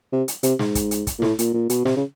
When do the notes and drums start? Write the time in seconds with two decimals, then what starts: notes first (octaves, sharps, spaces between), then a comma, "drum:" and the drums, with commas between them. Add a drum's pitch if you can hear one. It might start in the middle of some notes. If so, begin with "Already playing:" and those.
0.12 C3
0.28 drum: hi-hat
0.43 C3, drum: hi-hat
0.59 G#2, drum: snare
0.75 drum: kick, hi-hat
0.91 drum: hi-hat
1.07 drum: kick, hi-hat
1.19 A#2
1.22 A2, drum: snare
1.39 A#2, drum: hi-hat
1.54 A#2
1.70 B2, drum: hi-hat
1.86 C3, drum: snare
1.96 C#3